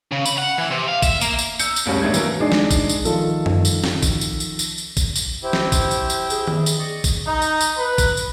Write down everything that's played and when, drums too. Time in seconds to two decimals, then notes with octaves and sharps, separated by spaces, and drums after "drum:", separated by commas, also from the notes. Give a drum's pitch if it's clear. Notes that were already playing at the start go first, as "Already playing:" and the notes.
0.12 C#3
0.26 B5, drum: tambourine
0.38 F#5
0.58 E3
0.71 C3
0.88 F5
1.02 E5, drum: kick A#1, tambourine
1.21 A#3, drum: tambourine
1.39 drum: tambourine
1.59 E6 G6 C#7, drum: tambourine
1.76 drum: tambourine
1.86 D1 A1 D#2 G3 C#4
2.02 D1 G#1 A3 D4 G#6
2.14 E3 F#3 A#3, drum: tambourine
2.40 G#3 D4 D#4
2.52 drum: snare
2.71 drum: kick A#1, tambourine
2.89 drum: tambourine
3.05 D#3 F3 A4, drum: tambourine
3.46 drum: tom F#2
3.65 drum: tambourine
3.84 drum: snare
4.02 drum: kick A#1, tambourine
4.21 drum: tambourine
4.40 drum: tambourine
4.59 drum: tambourine
4.78 drum: tambourine
4.97 drum: kick A#1, tambourine
5.16 drum: tambourine
5.43 E4 G4 C5
5.53 drum: snare
5.72 drum: kick A#1, tambourine
5.91 drum: tambourine
6.10 drum: tambourine
6.30 G#4, drum: tambourine
6.47 drum: tom D#3
6.66 drum: tambourine
6.79 D5 D#5 C#6
7.04 drum: kick A#1, tambourine
7.27 D#4
7.42 drum: tambourine
7.61 drum: tambourine
7.78 B4
7.98 drum: kick A#1, tambourine
8.17 drum: tambourine